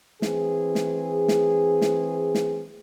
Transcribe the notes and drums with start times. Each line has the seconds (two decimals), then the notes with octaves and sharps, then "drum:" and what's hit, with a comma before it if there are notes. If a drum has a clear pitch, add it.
0.22 E3 C4 G#4, drum: snare
0.75 drum: snare
1.28 drum: snare
1.82 drum: snare
2.35 drum: snare